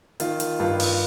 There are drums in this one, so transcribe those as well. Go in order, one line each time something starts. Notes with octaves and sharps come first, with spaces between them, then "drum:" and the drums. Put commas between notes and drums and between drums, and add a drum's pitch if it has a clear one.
D#3 F4, drum: hi-hat
drum: hi-hat
G2 F4
drum: open hi-hat